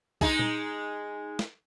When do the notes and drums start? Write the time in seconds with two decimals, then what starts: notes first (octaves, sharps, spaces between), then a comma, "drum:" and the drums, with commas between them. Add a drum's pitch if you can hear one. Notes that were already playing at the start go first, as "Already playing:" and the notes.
0.21 G#3 D#4 G#4, drum: kick
0.39 drum: tom
1.39 drum: snare